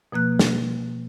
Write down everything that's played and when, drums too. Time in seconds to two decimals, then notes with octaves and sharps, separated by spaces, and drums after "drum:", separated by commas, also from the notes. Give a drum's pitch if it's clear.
0.12 B2 F3 A#3 F#6
0.39 drum: snare